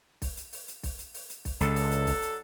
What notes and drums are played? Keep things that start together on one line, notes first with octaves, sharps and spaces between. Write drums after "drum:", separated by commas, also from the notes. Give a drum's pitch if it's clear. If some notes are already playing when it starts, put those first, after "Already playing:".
drum: kick B1, open hi-hat
drum: hi-hat
drum: open hi-hat
drum: hi-hat
drum: kick B1, open hi-hat
drum: hi-hat
drum: open hi-hat
drum: hi-hat
drum: kick B1, open hi-hat
C#2 F#3 D4 A4, drum: hi-hat
drum: open hi-hat
drum: hi-hat
drum: kick B1, open hi-hat
drum: hi-hat